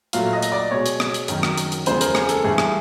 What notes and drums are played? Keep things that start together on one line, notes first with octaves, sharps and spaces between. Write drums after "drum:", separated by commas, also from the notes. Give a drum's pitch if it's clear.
A#2 F#3 A3 F5, drum: hi-hat
D#5
drum: hi-hat
D5
B2 G#3 C#5
drum: hi-hat
drum: rim click
drum: hi-hat
F#2 D#3 F#3, drum: hi-hat
drum: rim click
drum: hi-hat
drum: hi-hat
E2 C#3 F3 G#3 C5, drum: hi-hat
A#4, drum: hi-hat
G#4, drum: rim click
A4, drum: hi-hat
G2 E3 A3 G#4
drum: rim click